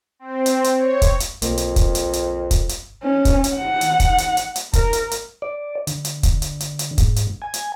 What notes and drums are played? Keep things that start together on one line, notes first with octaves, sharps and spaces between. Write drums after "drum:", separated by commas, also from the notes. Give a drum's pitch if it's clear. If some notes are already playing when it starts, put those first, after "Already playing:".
C4
drum: hi-hat
drum: hi-hat
C#5
drum: kick, hi-hat
drum: hi-hat
B1 F2 A#3, drum: hi-hat
drum: hi-hat
drum: kick, hi-hat
drum: hi-hat
drum: hi-hat
drum: kick, hi-hat
drum: hi-hat
C#4
drum: kick, hi-hat
drum: hi-hat
F#5
drum: hi-hat
drum: kick, hi-hat
drum: hi-hat
drum: hi-hat
drum: hi-hat
A#4, drum: kick, hi-hat
drum: hi-hat
drum: hi-hat
D5
D3, drum: hi-hat
drum: hi-hat
drum: kick, hi-hat
drum: hi-hat
drum: hi-hat
drum: hi-hat
G#2, drum: kick, hi-hat
drum: hi-hat
G#5
drum: hi-hat